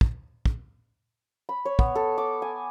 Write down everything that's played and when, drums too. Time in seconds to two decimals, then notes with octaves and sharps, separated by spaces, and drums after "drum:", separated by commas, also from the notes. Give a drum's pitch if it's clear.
0.01 drum: kick
0.46 drum: kick
1.49 B5
1.65 C#5
1.79 B3, drum: kick
1.95 A4
2.18 D6
2.42 G#5